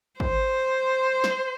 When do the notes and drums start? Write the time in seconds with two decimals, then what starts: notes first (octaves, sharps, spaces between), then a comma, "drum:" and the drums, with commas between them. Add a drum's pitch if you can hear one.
0.20 C5, drum: kick
1.24 drum: snare